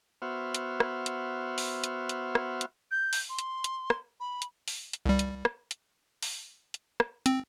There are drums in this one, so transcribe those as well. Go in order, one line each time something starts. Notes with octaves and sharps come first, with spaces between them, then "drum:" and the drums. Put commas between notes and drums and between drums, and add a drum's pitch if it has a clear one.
B3 F#4 C5 E5 F6
drum: hi-hat
drum: rim click
drum: hi-hat
drum: open hi-hat
drum: hi-hat
drum: hi-hat
drum: rim click
drum: hi-hat
G6
drum: open hi-hat
C6
drum: hi-hat
drum: hi-hat
drum: rim click
B5
drum: hi-hat
drum: open hi-hat
drum: hi-hat
C2 G3
drum: hi-hat
drum: rim click
drum: hi-hat
drum: open hi-hat
drum: hi-hat
drum: rim click
C4, drum: hi-hat